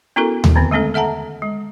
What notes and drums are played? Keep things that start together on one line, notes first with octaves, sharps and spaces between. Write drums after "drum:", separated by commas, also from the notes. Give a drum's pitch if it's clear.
B3 C#4 E4 F#4 A4 A#4
drum: tom D#2
D3 D#3 B3 C4
G#3 A3 C4 C#4 A4
A4 E5 F#5 A5 A#5
G#3